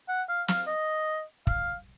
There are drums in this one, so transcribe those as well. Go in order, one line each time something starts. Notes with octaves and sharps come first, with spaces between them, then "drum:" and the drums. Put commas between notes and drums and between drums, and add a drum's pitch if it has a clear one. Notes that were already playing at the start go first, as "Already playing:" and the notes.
F#5
F5
F5, drum: snare
D#5
F5, drum: kick